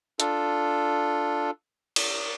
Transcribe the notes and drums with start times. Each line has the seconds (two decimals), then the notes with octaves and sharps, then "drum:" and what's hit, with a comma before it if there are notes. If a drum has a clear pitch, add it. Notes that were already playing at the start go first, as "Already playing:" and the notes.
0.20 D4 F4 A4, drum: hi-hat
1.96 drum: cymbal